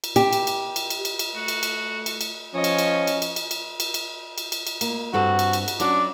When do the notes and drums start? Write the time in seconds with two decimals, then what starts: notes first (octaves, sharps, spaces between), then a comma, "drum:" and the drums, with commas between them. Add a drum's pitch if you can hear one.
0.04 drum: cymbal
0.16 G4, drum: cymbal
0.33 drum: cymbal
0.47 drum: cymbal
0.76 drum: cymbal
0.90 drum: cymbal
1.05 drum: cymbal
1.19 drum: cymbal
1.36 A3 F#4
1.48 drum: cymbal
1.63 drum: cymbal
2.06 drum: cymbal
2.21 drum: cymbal
2.55 F3 C#4 C#5 D#5
2.64 drum: cymbal
2.78 drum: cymbal
3.07 drum: cymbal
3.22 drum: cymbal
3.36 drum: cymbal
3.51 drum: cymbal
3.80 drum: cymbal
3.94 drum: cymbal
4.38 drum: cymbal
4.52 drum: cymbal
4.67 drum: cymbal
4.81 A#3, drum: cymbal
5.13 G2 C4 F#4 A4
5.39 drum: cymbal
5.53 drum: cymbal
5.68 drum: cymbal
5.80 F#3 C#4 D4 F#4, drum: cymbal